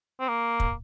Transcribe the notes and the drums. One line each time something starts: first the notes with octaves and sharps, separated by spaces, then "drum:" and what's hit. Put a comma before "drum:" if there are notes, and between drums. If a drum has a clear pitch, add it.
C4
A#3
drum: kick